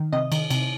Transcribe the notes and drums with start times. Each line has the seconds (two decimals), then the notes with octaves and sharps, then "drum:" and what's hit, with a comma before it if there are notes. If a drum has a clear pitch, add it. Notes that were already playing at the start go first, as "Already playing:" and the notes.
Already playing: D#3
0.13 C3 D#5
0.32 D#3, drum: cymbal
0.50 C3, drum: cymbal